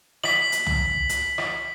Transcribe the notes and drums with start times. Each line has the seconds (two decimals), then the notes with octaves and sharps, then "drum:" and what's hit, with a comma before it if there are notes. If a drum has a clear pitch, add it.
0.24 B6 F#7, drum: rim click
0.52 drum: hi-hat
0.66 drum: tom
1.09 drum: hi-hat
1.38 drum: rim click